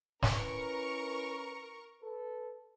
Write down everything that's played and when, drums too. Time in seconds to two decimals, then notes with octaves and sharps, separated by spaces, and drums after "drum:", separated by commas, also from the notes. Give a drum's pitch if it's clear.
0.23 C#4 E4 A#4 B4 C#6, drum: snare
2.02 A4 B4